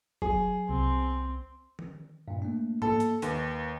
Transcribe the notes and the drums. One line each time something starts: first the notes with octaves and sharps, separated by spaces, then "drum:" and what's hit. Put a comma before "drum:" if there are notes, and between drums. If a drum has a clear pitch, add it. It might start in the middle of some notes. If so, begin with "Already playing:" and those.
F#3 G#4, drum: kick
C2 C4
drum: tom D#3
G2 A#2
A3 A#3 D4
A#3 A4, drum: tom G#2
drum: hi-hat
D#2 B4, drum: hi-hat